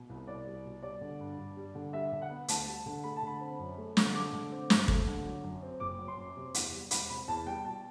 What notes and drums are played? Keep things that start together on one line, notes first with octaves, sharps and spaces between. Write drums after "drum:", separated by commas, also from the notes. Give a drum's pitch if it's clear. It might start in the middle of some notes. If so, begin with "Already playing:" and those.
Already playing: B2
C2
C2 D5
G3
B2
G3 D5
D3
G2
G2
G3
D3
G3 E5
D3
F#5
B3
D2 A5, drum: hi-hat
G3
D3
A3 B5
A5
D3 B5
C4
F#2
A3
D3, drum: snare
A3 D6
D3
C4
G2, drum: snare
A3, drum: kick
D3
F#3
F#2
C4
F#1 D6
F#3
C6
F#2
C3
E2, drum: hi-hat
G3
E1 B5, drum: hi-hat
C3 B5
E2 A5
G3 G5
B2 A5